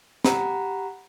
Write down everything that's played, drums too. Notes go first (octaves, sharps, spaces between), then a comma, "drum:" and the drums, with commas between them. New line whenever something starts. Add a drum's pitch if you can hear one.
G4 F#5 A#5 B5, drum: snare